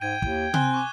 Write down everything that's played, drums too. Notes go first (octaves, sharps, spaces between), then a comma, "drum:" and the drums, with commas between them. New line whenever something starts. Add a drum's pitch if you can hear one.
G#2 G5 G#6 D#7
D#2 E4, drum: kick
C4 G#5 F#6 G7, drum: tom C3
C#6 D6